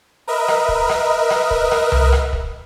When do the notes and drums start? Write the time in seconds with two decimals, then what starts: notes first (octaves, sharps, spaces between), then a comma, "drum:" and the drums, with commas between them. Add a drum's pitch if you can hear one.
0.28 A#4 B4 D#5 E5
0.48 drum: rim click
0.69 drum: kick
0.89 drum: rim click
1.30 drum: rim click
1.51 drum: kick
1.71 drum: rim click
1.92 drum: tom C2
2.12 drum: rim click
2.33 drum: kick